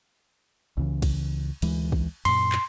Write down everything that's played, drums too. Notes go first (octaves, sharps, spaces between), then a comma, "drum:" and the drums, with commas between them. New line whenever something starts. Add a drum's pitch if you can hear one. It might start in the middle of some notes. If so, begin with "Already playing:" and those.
C#2 C#3 E3
drum: kick, cymbal
D2 E3 G#3, drum: cymbal
drum: kick
F#2 A#2 C6, drum: cymbal
drum: clap